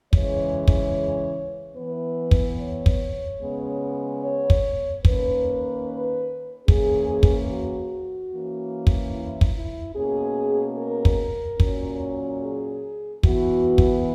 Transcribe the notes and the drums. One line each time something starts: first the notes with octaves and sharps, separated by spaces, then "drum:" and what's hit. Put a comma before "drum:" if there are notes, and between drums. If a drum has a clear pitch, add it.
C#3 E3 G#3 C#5, drum: kick
drum: kick
E3 B3 B4
drum: kick
C#5
drum: kick
C#3 G#3 B3
C#5
drum: kick
D#3 A#3 C#4 B4, drum: kick
E3 A#3 C#4 G#4, drum: kick
drum: kick
F#4
E3 A#3 C#4
drum: kick
E4
drum: kick
E4
B2 A#3 C#4 G#4
A#4
drum: kick
A#2 F#3 C#4, drum: kick
G#4
E3 B3 F#4, drum: kick
drum: kick